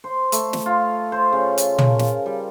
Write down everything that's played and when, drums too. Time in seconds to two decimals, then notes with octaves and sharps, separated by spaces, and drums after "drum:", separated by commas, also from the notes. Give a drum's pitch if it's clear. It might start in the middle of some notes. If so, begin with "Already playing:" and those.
0.04 C5
0.32 A3, drum: hi-hat
0.53 drum: snare
0.66 F4
1.12 C5
1.33 C#3
1.58 drum: hi-hat
1.78 drum: tom
1.90 A#4
1.99 drum: snare
2.26 G3